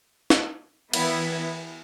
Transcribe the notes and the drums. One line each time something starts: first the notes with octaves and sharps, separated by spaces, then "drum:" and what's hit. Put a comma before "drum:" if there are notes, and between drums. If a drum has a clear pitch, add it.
drum: snare
E3 B3 E4, drum: cymbal